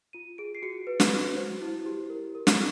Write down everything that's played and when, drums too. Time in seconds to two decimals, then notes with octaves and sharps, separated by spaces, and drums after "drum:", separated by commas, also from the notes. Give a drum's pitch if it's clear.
0.13 F4 D#7
0.38 G#4 D7
0.55 C7
0.62 F#4 C#7
0.87 B4
1.00 drum: snare
1.12 F#4
1.36 C5
1.62 E4
1.86 G4
2.10 A#4
2.35 A#4
2.47 drum: snare